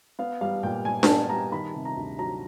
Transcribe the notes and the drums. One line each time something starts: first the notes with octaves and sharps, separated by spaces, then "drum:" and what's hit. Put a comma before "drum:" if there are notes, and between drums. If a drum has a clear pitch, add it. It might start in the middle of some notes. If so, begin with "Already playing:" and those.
B3 F5
G3 F5
A#2 G5
A#2 G#5
A5, drum: snare D4
B3 G#5
G3 A#5
D#3 B5
C3
A#5
D2
F#3 A#5